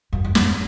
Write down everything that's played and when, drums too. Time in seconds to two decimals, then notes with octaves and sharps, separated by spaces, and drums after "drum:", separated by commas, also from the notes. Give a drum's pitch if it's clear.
0.13 F#2
0.24 F#2
0.35 E2, drum: snare